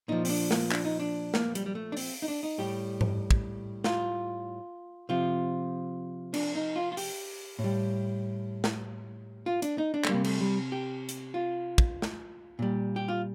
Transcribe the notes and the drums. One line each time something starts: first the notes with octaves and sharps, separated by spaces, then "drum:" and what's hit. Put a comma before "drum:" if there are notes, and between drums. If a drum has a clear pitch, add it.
A#2 F3 D#4
C4, drum: open hi-hat
D4
A#3, drum: snare
D4, drum: clap
D#4
D4
A#3, drum: snare
G3, drum: hi-hat
G3
A3
D4
C4, drum: open hi-hat
D#4
D4
D#4
A2 G3 G4
drum: tom G#2
drum: kick
F4, drum: snare
C3 F3 F4
D4, drum: cymbal
D#4
F4
F4
G4, drum: open hi-hat
A2
G3
drum: snare
F4
D4, drum: hi-hat
D#4
D4
A3, drum: clap
C3 G3 A#3
A3, drum: cymbal
G3
G4
drum: hi-hat
F4
drum: kick
drum: snare
A#2 G3
G4
F4